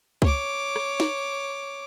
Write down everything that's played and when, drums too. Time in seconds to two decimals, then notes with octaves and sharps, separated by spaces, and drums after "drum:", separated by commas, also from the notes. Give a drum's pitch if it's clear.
0.22 C#5 D6, drum: kick C#2
0.76 drum: rim click
1.00 drum: snare